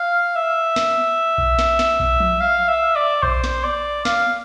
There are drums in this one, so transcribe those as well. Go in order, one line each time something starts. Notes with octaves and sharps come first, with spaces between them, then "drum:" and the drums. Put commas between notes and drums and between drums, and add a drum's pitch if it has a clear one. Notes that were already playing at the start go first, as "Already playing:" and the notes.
Already playing: F5
E5
drum: snare
drum: kick B1
drum: snare
drum: snare
drum: kick B1
drum: tom F3
F5
E5
D5
C5, drum: kick B1
drum: snare
D5
F5, drum: snare